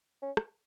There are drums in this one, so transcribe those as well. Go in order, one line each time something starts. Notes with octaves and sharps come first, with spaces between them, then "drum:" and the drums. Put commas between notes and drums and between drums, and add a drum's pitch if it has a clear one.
C#4
drum: rim click